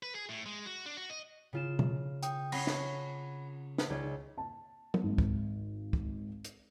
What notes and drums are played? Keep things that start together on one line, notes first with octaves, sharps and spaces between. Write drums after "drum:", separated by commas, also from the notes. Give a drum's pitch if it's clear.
B4
G#4
A2
G#3
F#4
D4
F#4
D#5
C#3 F4 E7
drum: tom
G5 D#6, drum: hi-hat
C#4 F#5 B5 A#6, drum: cymbal
drum: snare
drum: snare
C#2 D#4 C#5 D5
A5
drum: tom
G#1
drum: kick
drum: kick
drum: hi-hat